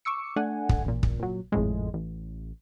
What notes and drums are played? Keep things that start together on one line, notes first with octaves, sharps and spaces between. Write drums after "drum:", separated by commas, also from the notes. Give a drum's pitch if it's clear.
C#6 D6 E6 C#7
A3 D4 F#5 G#5
drum: kick
A1 A#2
drum: kick
A#2 F#3
G#1 F2 A2 G#3
A1